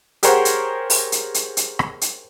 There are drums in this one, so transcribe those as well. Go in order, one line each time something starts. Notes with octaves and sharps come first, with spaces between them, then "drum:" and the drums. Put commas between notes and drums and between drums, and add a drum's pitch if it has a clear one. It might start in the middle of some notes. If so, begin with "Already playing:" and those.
G4 G#4 A#4 C5 C#5 F#5, drum: hi-hat
drum: hi-hat
drum: open hi-hat
drum: hi-hat
drum: hi-hat
drum: hi-hat
drum: rim click
drum: hi-hat